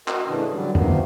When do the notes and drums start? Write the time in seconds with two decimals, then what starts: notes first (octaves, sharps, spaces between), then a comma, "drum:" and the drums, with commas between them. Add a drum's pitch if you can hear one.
0.08 F#4 A#4 D#5, drum: clap
0.27 A2 C#3 E3 D4
0.52 D3 F#3 G3
0.75 C3 D#3 F3 A#3 B3, drum: tom F2